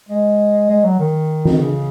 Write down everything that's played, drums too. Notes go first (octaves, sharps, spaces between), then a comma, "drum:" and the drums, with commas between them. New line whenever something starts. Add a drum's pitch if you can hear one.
G#3
G#3
F#3
D#3
drum: tom E3
C#3